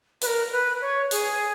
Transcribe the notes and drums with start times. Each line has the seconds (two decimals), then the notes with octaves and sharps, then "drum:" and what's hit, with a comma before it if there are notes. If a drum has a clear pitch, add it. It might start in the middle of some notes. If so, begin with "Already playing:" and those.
0.21 B4, drum: hi-hat
0.26 A#4
0.52 B4
0.81 C#5
1.11 G#4, drum: hi-hat